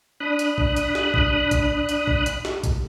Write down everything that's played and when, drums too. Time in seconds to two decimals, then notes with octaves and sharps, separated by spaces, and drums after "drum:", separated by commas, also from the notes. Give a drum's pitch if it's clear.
0.20 D4 B5 D#6 F#6
0.39 drum: hi-hat
0.58 drum: kick A#1
0.76 drum: hi-hat
0.95 drum: snare
1.14 drum: kick A#1
1.51 drum: kick A#1, hi-hat
1.89 drum: hi-hat
2.07 drum: kick A#1
2.26 drum: hi-hat
2.45 drum: snare
2.64 drum: kick A#1, hi-hat